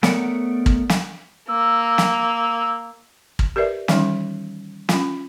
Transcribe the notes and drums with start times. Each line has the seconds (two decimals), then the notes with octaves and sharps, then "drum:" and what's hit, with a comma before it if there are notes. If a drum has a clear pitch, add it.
0.03 A3 B3 A#4 C#5 D5 F#5, drum: snare
0.66 drum: kick
0.89 drum: snare
1.48 A#3 E6
1.98 drum: snare
3.39 drum: kick
3.56 G4 A#4 B4 D5 E5
3.88 D#3 E3 G3 C#4 D#4, drum: snare
4.89 C#4 F4, drum: snare